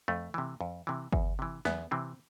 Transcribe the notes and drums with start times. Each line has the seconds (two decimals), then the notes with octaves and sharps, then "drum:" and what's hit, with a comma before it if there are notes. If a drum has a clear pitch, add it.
0.08 F2 A3
0.34 C3 E3
0.61 F2
0.87 C3 E3
1.13 E2, drum: kick
1.39 C3 E3
1.65 E2 B3, drum: snare
1.91 C3 E3 C4